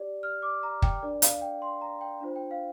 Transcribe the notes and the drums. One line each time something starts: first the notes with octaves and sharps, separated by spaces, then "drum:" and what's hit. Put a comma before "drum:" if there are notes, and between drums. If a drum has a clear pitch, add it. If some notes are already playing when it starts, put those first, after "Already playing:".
Already playing: G4 D5
F6
D6
A#5
G5, drum: kick
D4 A#4 D5
F5, drum: hi-hat
G5
C6
A#5
G5
D4 F4 C5
G5
F5